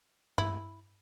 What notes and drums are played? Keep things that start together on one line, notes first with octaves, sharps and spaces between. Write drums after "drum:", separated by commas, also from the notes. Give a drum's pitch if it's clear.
E4, drum: tom G2